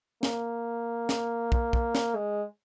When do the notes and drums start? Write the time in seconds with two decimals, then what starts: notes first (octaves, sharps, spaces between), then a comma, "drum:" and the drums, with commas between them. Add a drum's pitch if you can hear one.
0.23 A#3, drum: snare
1.09 drum: snare
1.52 drum: kick
1.73 drum: kick
1.95 drum: snare
2.16 G#3